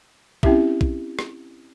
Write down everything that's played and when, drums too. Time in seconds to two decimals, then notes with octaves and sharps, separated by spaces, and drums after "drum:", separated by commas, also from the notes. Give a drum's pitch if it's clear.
0.43 C4 C#4 E4 G4 E5, drum: kick
0.81 drum: kick
1.19 drum: rim click